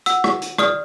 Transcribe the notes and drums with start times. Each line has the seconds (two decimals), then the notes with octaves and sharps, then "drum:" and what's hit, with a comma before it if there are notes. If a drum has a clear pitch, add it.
0.06 F#5 E6, drum: hi-hat
0.24 drum: rim click
0.42 drum: hi-hat
0.58 D5 D#6 F6, drum: rim click